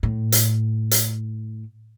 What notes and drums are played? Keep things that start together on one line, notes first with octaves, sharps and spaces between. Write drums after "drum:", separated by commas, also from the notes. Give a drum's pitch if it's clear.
A2
drum: hi-hat
drum: hi-hat